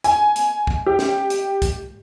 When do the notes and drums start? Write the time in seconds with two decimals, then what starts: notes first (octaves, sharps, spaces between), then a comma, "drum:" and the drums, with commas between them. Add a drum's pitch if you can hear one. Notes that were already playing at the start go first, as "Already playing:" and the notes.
0.04 G#5, drum: hi-hat
0.36 drum: hi-hat
0.67 drum: kick
0.86 G4
0.99 drum: snare
1.30 drum: hi-hat
1.62 drum: kick, hi-hat